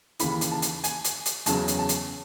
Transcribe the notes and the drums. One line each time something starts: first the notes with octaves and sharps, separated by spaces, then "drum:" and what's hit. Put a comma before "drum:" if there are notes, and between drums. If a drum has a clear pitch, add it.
D#2 C#3 E3 B5, drum: hi-hat
drum: hi-hat
A5
drum: hi-hat
G#5, drum: hi-hat
drum: hi-hat
drum: hi-hat
E2 C#3 F#3 A5, drum: hi-hat
drum: hi-hat
A5
drum: hi-hat